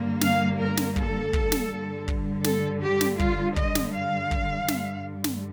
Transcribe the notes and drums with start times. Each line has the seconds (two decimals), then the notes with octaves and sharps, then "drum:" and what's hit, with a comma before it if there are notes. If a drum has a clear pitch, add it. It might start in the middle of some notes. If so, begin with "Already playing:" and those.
Already playing: G2 D3 G3 A#3
0.21 F5, drum: snare
0.59 A#4
0.77 drum: snare
0.96 A4, drum: kick
1.33 drum: kick
1.52 drum: snare
1.70 G2 D3 G3
2.08 drum: kick
2.44 A4, drum: snare
2.82 G4
3.01 drum: snare
3.19 F4, drum: kick
3.56 D#5, drum: kick
3.75 drum: snare
3.94 F5
4.31 drum: kick
4.68 G2 D3 G3, drum: snare
5.24 drum: snare